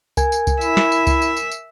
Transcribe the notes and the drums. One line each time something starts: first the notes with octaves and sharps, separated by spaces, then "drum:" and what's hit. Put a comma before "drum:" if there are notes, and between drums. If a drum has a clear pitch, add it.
A#4 G#5 G#6, drum: kick C2, tambourine
drum: tambourine
drum: kick C2, tambourine
E4 E5, drum: tambourine
drum: snare
drum: tambourine
drum: kick C2, tambourine
drum: tambourine
drum: tambourine
drum: tambourine